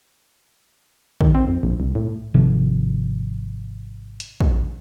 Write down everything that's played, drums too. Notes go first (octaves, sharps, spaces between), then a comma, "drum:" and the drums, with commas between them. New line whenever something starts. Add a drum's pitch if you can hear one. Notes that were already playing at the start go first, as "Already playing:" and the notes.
D#3, drum: kick
C4
F2
A#1
C2
A2
G#1 C3 F3
drum: hi-hat
drum: kick